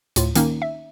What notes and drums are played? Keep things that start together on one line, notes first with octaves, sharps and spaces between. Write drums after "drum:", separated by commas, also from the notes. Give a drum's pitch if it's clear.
D2 A2 F4, drum: hi-hat
D#3 A#3 C#4 D#4, drum: hi-hat
E5